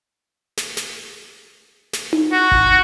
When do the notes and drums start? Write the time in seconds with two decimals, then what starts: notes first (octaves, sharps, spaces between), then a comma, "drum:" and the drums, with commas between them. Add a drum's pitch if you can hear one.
0.57 drum: snare
0.77 drum: snare
1.93 drum: snare
2.13 drum: tom D#4
2.32 F#4
2.52 drum: kick G#1